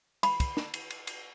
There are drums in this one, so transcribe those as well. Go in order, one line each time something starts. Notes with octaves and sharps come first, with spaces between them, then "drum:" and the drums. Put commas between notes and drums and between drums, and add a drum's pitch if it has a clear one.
B5, drum: cymbal
drum: kick, cymbal
drum: snare
drum: cymbal
drum: cymbal
drum: cymbal